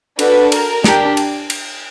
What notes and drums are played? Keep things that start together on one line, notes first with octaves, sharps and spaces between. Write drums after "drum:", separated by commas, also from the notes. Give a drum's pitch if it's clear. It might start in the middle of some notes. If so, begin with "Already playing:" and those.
D4 F#4 A4 B4, drum: cymbal
A#4, drum: cymbal
D4 G4, drum: snare
drum: cymbal
drum: cymbal